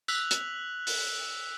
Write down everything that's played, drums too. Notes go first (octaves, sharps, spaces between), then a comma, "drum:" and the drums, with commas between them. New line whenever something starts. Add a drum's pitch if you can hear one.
E6 F#6 B6 F7 F#7, drum: tambourine
drum: hi-hat
drum: open hi-hat